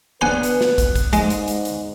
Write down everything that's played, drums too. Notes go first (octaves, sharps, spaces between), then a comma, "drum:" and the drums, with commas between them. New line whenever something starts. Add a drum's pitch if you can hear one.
B3 D4 B4 C5 F#5 G#5
drum: hi-hat
drum: snare
drum: kick, hi-hat
drum: kick, hi-hat
G#2 G#3, drum: hi-hat
drum: hi-hat
drum: hi-hat
drum: hi-hat